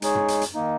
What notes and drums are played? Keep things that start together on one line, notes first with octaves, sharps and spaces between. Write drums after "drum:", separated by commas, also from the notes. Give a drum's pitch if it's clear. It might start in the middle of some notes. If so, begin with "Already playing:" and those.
G#3 D#4 G#4 C#5, drum: hi-hat
drum: tom
drum: hi-hat
drum: hi-hat
D#3 A#3 D#4